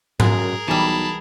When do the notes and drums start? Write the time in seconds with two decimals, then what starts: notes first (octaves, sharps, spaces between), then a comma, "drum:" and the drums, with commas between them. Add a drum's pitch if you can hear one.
0.20 F#2 G#3 G#4 A#4, drum: tom G#2
0.68 B1 E3 G3 A5 B5